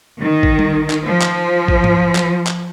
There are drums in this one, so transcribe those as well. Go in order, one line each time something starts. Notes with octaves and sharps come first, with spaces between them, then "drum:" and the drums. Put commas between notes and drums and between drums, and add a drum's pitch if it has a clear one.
D#3
drum: kick
drum: tom G3
drum: clap
F3
drum: clap
drum: kick
drum: tom G#2
drum: clap
drum: clap